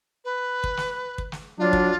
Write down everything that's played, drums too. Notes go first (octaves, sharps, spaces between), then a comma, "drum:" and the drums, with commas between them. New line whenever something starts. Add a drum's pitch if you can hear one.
B4
drum: kick
drum: snare
drum: kick
drum: snare
F#3 D4 F4
drum: kick